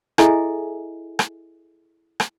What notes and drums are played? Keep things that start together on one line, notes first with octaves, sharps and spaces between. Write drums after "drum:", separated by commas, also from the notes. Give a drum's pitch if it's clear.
E4 G#4 A4 D#5 E5 G#5, drum: rim click
drum: rim click
drum: rim click